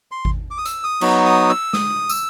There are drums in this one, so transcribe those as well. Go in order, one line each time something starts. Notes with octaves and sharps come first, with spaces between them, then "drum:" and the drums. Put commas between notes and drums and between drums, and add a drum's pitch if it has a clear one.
C6
drum: kick G#1
D6
D#6
E6, drum: hi-hat
D#6
F#3 B3 D#4 F#4, drum: cymbal
D#6
E6
D#6, drum: snare
E6, drum: tambourine